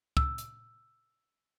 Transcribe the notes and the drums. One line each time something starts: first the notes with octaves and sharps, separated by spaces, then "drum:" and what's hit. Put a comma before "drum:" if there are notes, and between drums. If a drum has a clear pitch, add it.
E6, drum: kick
drum: hi-hat